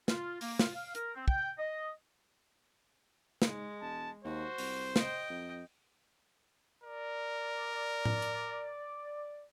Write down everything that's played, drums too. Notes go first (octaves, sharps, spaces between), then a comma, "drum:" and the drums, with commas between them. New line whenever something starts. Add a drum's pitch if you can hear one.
F4, drum: snare
A#3, drum: open hi-hat
F4, drum: snare
F5
A#4, drum: hi-hat
C4
G5, drum: kick
D#5
G#2 G#3, drum: snare
E1 A5
D#2 F#4 C5
C2, drum: open hi-hat
D#5 G5, drum: snare
F2
A#4 D5
drum: tom A2
drum: hi-hat